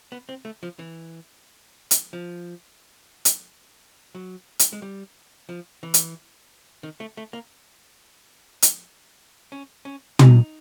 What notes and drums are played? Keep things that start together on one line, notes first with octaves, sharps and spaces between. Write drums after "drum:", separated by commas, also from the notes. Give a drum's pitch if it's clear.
B3
C4
A3
F3
E3
drum: hi-hat
F3
drum: hi-hat
F#3
drum: hi-hat
G#3
G3
F3
E3
drum: hi-hat
D#3
A3
A3
A#3
drum: hi-hat
C#4
C#4
D#4, drum: tom